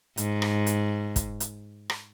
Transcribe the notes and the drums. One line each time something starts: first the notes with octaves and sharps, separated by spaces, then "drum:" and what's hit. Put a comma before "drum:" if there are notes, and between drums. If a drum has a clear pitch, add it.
G#2, drum: hi-hat
drum: rim click
drum: hi-hat
drum: kick, hi-hat
drum: hi-hat
drum: rim click